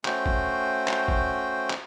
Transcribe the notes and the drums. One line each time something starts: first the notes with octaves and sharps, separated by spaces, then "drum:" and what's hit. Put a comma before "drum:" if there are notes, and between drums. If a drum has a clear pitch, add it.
A3 C#4 F#4 C5 G5, drum: clap
drum: kick
drum: clap
drum: kick
drum: clap